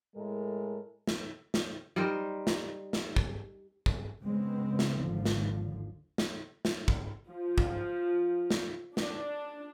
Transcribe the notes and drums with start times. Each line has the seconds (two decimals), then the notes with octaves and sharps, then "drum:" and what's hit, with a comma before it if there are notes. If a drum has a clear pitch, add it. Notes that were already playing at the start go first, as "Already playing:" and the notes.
0.16 A2 G#3 A4 A#4
1.07 drum: snare
1.54 drum: snare
1.96 G3 D#4 A#4 C5
2.47 drum: snare
2.93 drum: snare
3.16 drum: kick
3.86 drum: kick
4.21 C#3 G#3 B3 C4
4.79 drum: snare
4.98 G#1 D#2 D3 F3
5.25 drum: snare
6.18 drum: snare
6.65 drum: snare
6.88 drum: kick
7.29 F3
7.58 drum: kick
8.51 drum: snare
8.97 D4, drum: snare